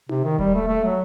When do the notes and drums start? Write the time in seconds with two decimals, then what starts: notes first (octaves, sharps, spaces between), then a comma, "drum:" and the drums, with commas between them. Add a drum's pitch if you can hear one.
0.09 C3, drum: tom D#4
0.24 D#3
0.39 G3, drum: kick D#1
0.55 A3
0.68 A3
0.85 F#3